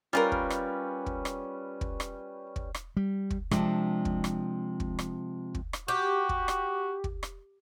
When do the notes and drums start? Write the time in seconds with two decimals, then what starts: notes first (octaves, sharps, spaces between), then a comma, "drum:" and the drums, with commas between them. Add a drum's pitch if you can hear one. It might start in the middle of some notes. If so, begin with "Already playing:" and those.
0.13 G3 C#4 F4 G4 A#4 B4
0.32 drum: kick
0.50 drum: rim click
1.06 drum: kick
1.25 drum: rim click
1.81 drum: kick
2.00 drum: rim click
2.56 drum: kick
2.74 drum: rim click
2.97 G3
3.31 drum: kick
3.51 C3 F3 G#3 D4, drum: rim click
4.05 drum: kick
4.24 drum: rim click
4.80 drum: kick
4.99 drum: rim click
5.55 drum: kick
5.73 drum: rim click
5.88 F#4 G4
6.29 drum: kick
6.48 drum: rim click
7.04 drum: kick
7.23 drum: rim click